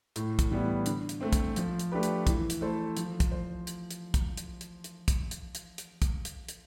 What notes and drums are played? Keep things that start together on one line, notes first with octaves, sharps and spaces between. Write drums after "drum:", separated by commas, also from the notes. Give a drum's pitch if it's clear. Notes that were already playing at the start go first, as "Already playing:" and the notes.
A2, drum: hi-hat
drum: kick, hi-hat
E3 G3 B3 E4
D3, drum: hi-hat
drum: hi-hat
A3 C4
drum: kick, hi-hat
F3, drum: hi-hat
drum: hi-hat
A3 D4 G4 B4
drum: hi-hat
E3, drum: kick, hi-hat
drum: hi-hat
A3 E4 A4 C5
F3, drum: hi-hat
drum: kick, hi-hat
C5
drum: hi-hat
drum: hi-hat
drum: kick, hi-hat
drum: hi-hat
drum: hi-hat
drum: hi-hat
drum: kick, hi-hat
drum: hi-hat
drum: hi-hat
drum: hi-hat
drum: kick, hi-hat
drum: hi-hat
drum: hi-hat